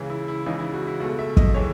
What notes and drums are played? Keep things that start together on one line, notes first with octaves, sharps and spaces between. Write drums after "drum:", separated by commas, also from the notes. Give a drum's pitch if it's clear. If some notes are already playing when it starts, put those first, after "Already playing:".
Already playing: C#2 C#3 E3
E4
E4
C#2 C#3 E3 D#4
E4
F#4
E4
C#2 B2 A3 F#4
E5
D#5, drum: kick
A2 E3 G#3 C#5